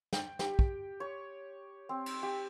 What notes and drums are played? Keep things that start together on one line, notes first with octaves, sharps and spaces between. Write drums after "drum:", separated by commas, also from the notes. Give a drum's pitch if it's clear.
G5, drum: snare
G4, drum: snare
drum: kick
C#5
C4
drum: cymbal
G4